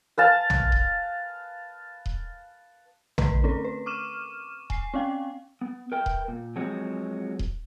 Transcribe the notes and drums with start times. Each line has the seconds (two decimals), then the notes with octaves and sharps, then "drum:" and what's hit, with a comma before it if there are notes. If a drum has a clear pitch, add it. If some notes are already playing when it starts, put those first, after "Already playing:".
0.18 B4 F5 A5
0.50 drum: tom A#1
0.72 drum: kick D#1
2.06 drum: kick D#1
3.18 D3 A3 A#4 B4, drum: tom A#1
3.44 A3 C4 C#4 A4 A#4
3.65 B4
3.86 C#6 D6 F6 D#7 E7
4.70 G#5 C7, drum: kick D#1
4.94 C4 C#4 F5 G5
5.61 B3
5.92 A#4 B4 E5 G5
6.06 drum: kick D#1
6.28 A#2
6.56 F3 F#3 G#3 C4 F#4
7.39 drum: kick D#1